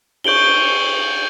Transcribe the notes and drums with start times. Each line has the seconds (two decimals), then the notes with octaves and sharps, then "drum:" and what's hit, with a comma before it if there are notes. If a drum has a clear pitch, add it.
0.24 C#6 G6 D7 F#7 G7, drum: cymbal